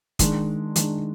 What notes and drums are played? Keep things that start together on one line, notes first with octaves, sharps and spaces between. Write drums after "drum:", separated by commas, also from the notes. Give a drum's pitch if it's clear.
D#3 G#3 D4, drum: kick, hi-hat
D#3 G#3 D4, drum: hi-hat